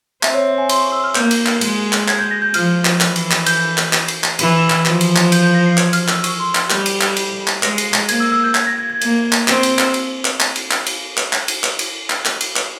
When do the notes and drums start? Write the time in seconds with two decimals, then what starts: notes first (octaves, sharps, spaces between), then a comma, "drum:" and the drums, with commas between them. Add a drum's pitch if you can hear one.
0.23 C4 E5, drum: clap
0.34 C#5
0.46 E5
0.58 G#5
0.69 C6, drum: cymbal
0.80 C#6
0.92 E6
1.04 F6
1.15 A#3 G6, drum: clap
1.31 drum: cymbal
1.46 drum: clap
1.61 G#3, drum: cymbal
1.92 drum: clap
2.08 G#6, drum: clap
2.19 G6
2.31 A#6
2.42 G6
2.54 F3 F6, drum: cymbal
2.85 drum: clap
3.00 E3, drum: clap
3.16 drum: cymbal
3.31 drum: clap
3.46 G6, drum: cymbal
3.77 drum: clap
3.93 drum: clap
4.08 drum: cymbal
4.24 drum: clap
4.39 E3, drum: cymbal
4.70 drum: clap
4.85 F3, drum: clap
5.01 drum: cymbal
5.16 drum: clap
5.32 G6, drum: cymbal
5.43 G6
5.54 A#6
5.66 C7
5.77 G#6, drum: clap
5.93 F6, drum: cymbal
6.08 E6, drum: clap
6.24 C#6, drum: cymbal
6.40 C6
6.55 F6, drum: clap
6.70 G3 G6, drum: clap
6.86 drum: cymbal
7.01 drum: clap
7.17 drum: cymbal
7.47 drum: clap
7.63 G#3 A#6, drum: clap
7.78 C7, drum: cymbal
7.94 A#6, drum: clap
8.09 A#3 G#6, drum: cymbal
8.20 E6
8.32 E6
8.44 G6
8.55 G#6, drum: clap
8.67 A#6
8.79 G#6
8.90 G#6
9.01 A#3, drum: cymbal
9.32 drum: clap
9.48 C4, drum: clap
9.63 drum: cymbal
9.79 drum: clap
9.94 drum: cymbal
10.25 drum: clap
10.40 drum: clap
10.56 drum: cymbal
10.71 drum: clap
10.86 drum: cymbal
11.17 drum: clap
11.33 drum: clap
11.48 drum: cymbal
11.64 drum: clap
11.79 drum: cymbal
12.10 drum: clap
12.25 drum: clap
12.41 drum: cymbal
12.56 drum: clap